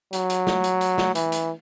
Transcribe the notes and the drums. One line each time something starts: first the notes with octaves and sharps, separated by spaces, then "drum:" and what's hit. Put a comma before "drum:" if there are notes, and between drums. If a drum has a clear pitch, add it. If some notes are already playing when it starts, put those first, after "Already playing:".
F#3, drum: hi-hat
drum: hi-hat
drum: snare
drum: hi-hat
drum: hi-hat
drum: snare
E3, drum: hi-hat
drum: hi-hat